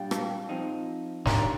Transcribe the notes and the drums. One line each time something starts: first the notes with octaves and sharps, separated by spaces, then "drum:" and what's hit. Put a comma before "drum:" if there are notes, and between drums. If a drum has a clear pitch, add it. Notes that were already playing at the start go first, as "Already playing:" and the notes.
Already playing: A#2 G3 D4 G4 F5 G5
A5, drum: rim click
G5
F3 C4 D#4
D#3 A#3 D4 G4 A#5, drum: snare